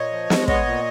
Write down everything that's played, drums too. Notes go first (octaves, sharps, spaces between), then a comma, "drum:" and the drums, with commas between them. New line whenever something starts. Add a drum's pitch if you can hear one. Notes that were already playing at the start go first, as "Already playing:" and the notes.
Already playing: A#2 C#5 D#5
F3
G#3, drum: snare
B3 C#5 D#5, drum: kick
A#2